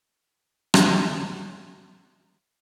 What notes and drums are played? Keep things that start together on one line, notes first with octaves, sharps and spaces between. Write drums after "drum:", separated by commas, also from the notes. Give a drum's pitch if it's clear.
F#3 A#3 C#4 E4
drum: rim click
F#3 A#3 C#4 E4 E6
D#6
E6
F#6